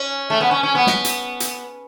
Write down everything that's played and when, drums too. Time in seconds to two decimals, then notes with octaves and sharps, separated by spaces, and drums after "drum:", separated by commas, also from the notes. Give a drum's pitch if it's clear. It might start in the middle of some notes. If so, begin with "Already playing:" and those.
Already playing: C#4
0.30 A3
0.41 B3
0.51 C#4
0.63 C#4
0.75 B3
0.87 drum: snare
1.05 drum: hi-hat
1.40 drum: hi-hat